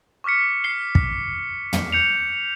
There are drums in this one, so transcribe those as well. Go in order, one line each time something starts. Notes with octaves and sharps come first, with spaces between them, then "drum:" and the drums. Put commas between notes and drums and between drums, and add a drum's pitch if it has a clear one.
C#6 D6 F6 B6 C#7
C7 G7
drum: kick
drum: tom
G6 C#7 F7